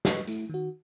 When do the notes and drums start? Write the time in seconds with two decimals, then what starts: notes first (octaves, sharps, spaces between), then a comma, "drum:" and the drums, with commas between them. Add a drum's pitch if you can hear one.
0.05 F#4 B4 D#5 C#6, drum: snare
0.27 A3 E4, drum: tambourine
0.50 D#3 F#4